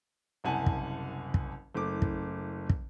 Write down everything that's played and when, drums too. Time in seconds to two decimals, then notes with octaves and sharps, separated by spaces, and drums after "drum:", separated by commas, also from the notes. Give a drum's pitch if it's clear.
0.44 F#1 C2 F#5 G#5 A5
0.66 drum: kick
1.34 drum: kick
1.75 F#1 A3 D6
2.02 drum: kick
2.69 drum: kick